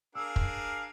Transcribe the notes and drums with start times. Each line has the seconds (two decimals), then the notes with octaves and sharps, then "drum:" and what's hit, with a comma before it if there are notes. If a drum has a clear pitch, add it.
0.15 D4 G#4 A#4 F5 E6
0.36 drum: kick